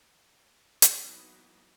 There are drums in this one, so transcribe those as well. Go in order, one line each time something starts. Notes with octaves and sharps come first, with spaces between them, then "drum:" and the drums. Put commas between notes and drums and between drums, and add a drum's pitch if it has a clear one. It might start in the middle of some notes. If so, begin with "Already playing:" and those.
drum: hi-hat
E3 F#3 A#3 B3 D#4 E4